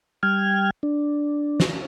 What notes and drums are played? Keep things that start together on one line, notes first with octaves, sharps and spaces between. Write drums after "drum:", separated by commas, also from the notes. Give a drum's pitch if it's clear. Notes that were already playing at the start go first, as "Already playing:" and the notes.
G3 G5 F6 G#6
D4
drum: snare